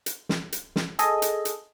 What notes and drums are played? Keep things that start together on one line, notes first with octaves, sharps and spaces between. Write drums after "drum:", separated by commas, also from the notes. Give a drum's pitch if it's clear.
drum: hi-hat
drum: snare
drum: hi-hat
drum: snare
G#4 A4 D#5, drum: hi-hat
drum: hi-hat
drum: hi-hat